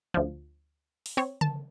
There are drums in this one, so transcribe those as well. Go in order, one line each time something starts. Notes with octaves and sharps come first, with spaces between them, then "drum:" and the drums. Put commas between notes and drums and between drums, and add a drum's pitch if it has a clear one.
D2 F3
drum: open hi-hat
C4 C#5
A5, drum: tom C#3